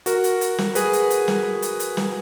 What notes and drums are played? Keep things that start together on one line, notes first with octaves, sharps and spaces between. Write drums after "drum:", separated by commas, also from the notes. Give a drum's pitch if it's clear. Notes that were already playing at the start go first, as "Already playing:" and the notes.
F#4 A#4, drum: hi-hat
drum: hi-hat
drum: hi-hat
drum: snare
G#4 B4, drum: hi-hat
drum: hi-hat
drum: hi-hat
drum: snare
drum: hi-hat
drum: hi-hat
drum: snare